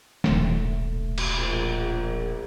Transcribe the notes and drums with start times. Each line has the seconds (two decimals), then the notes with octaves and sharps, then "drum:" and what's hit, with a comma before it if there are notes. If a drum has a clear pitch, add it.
0.24 D#1 B1 A3, drum: snare
1.18 drum: cymbal
1.37 A#1